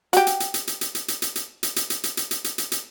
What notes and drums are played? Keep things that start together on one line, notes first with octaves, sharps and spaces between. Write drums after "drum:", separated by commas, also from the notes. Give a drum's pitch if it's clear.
F#4 G4, drum: hi-hat
drum: hi-hat
drum: hi-hat
drum: hi-hat
drum: hi-hat
drum: hi-hat
drum: hi-hat
drum: hi-hat
drum: hi-hat
drum: hi-hat
drum: hi-hat
drum: hi-hat
drum: hi-hat
drum: hi-hat
drum: hi-hat
drum: hi-hat
drum: hi-hat
drum: hi-hat
drum: hi-hat